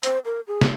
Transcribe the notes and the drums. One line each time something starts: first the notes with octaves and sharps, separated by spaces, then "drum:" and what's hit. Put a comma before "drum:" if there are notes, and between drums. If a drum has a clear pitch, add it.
C5, drum: hi-hat
A#4
G#4
drum: snare